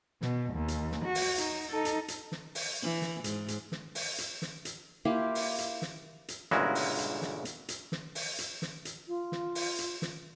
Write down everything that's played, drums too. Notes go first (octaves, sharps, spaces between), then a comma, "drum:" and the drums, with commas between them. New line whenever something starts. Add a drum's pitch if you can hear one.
B2, drum: snare
D#2
drum: hi-hat
drum: snare
F#4
drum: open hi-hat
D#4, drum: hi-hat
D#4 A4
drum: hi-hat
drum: hi-hat
drum: snare
drum: open hi-hat
E3
drum: snare
G#2, drum: hi-hat
drum: hi-hat
drum: snare
drum: open hi-hat
drum: hi-hat
drum: snare
drum: hi-hat
A#3 E4 F4 G4
drum: open hi-hat
drum: hi-hat
drum: snare
drum: hi-hat
G1 A#2 C#3 G#3 E4 F#4, drum: snare
drum: open hi-hat
drum: hi-hat
drum: snare
drum: hi-hat
drum: hi-hat
drum: snare
drum: open hi-hat
drum: hi-hat
drum: snare
drum: hi-hat
F4
drum: snare
drum: open hi-hat
drum: hi-hat
drum: snare